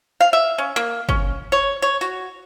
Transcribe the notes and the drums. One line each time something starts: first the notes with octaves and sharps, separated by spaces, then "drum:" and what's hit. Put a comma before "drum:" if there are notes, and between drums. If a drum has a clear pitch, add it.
F5
E5
C#4
A#3
C#4, drum: kick
C#5
C#5
F#4, drum: tambourine